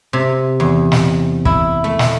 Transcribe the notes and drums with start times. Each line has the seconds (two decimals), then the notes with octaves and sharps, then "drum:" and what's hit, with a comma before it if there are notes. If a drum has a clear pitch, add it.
0.13 C3
0.60 E2
0.92 drum: snare
1.45 E4, drum: kick
1.84 A3
1.99 drum: snare